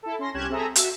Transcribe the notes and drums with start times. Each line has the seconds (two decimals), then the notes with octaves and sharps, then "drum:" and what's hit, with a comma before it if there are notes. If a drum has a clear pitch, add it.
0.03 E4 A4
0.19 C#4 C6 A#6
0.34 C2 C#4 G4 F#6 G#6 E7
0.49 C4 G#4 A4 E5 G#5 A#5
0.76 F#4 E5, drum: hi-hat